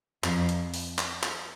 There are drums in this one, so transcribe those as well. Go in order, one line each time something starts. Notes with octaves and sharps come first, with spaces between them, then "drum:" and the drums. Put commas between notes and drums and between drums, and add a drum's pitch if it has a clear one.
F2, drum: clap
drum: hi-hat
drum: open hi-hat
drum: clap
drum: clap